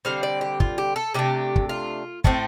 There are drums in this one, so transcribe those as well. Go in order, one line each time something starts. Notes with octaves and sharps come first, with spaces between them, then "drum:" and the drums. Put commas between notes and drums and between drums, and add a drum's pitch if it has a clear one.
D3 G3 C4 F5
D5
G4
F4, drum: kick
G4
A4
C3 A3 D4 G4
drum: kick
F4
A2 A3 C4, drum: kick